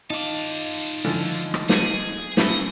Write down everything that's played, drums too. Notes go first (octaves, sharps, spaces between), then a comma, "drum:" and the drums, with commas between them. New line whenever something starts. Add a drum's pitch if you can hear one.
D#3 D#4 F4 A5 D6
D3 E3 F3
drum: rim click
G#4, drum: snare
B1 C#4 E4 D#5, drum: snare